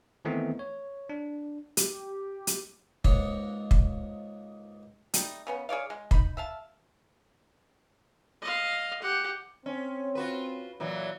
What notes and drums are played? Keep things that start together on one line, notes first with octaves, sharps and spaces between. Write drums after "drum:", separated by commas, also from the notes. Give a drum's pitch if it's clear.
D#3 E3 A3 B3 C4 D#4
C#5
D4
G4, drum: hi-hat
drum: hi-hat
C#2 G#2 A#3 D#4 C#5, drum: kick
drum: kick
G3 A3 D#4, drum: hi-hat
C#3 B3 C#4
G#4 C#5 D5 F5
G#3
D#4 B5, drum: kick
E5 F5 A5
D#5 F5
G4 F#5
C4 C#4
F4 F#4 B4
A#2 E3 F#3